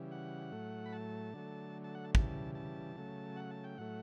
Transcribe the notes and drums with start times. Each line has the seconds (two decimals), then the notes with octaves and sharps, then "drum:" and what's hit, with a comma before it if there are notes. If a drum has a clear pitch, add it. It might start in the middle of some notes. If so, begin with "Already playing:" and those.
Already playing: C#3 E3 G3
0.11 F#5
0.52 A2 F#3 A3
0.86 B5
0.93 A5
1.33 D3 F#3 A3
1.84 A5
1.95 F#5
2.05 A5
2.15 C#3 E3 G3 A5, drum: kick
2.55 A5
2.96 C#3 F#3 A3
3.36 F#5
3.51 A5
3.64 G5
3.77 A2 F#3 A3 F#5